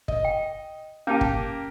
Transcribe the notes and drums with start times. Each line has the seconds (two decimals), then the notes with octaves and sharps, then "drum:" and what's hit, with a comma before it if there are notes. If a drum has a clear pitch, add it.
0.08 D#5, drum: kick
0.25 G5
1.07 A#3 C#4 G4 G5 A5
1.21 drum: kick